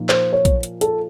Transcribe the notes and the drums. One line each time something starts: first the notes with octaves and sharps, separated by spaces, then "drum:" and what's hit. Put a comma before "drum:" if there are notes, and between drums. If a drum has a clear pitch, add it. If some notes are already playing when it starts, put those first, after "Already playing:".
Already playing: A#2 F3 A#3 D#4
C5, drum: clap
C#5
drum: kick, hi-hat
drum: hi-hat
A4, drum: hi-hat